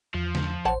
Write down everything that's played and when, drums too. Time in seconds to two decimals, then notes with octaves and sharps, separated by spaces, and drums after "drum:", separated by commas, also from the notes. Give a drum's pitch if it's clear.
0.14 E2 F3
0.35 drum: snare
0.65 A1 C5 C#5 F#5 A5